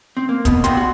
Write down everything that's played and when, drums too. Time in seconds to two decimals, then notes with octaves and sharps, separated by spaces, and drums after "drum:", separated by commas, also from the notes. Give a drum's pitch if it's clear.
0.17 C4
0.29 A#3
0.45 B2 B3, drum: kick, hi-hat
0.64 A#2 F#4 G5 C6, drum: hi-hat
0.77 F#4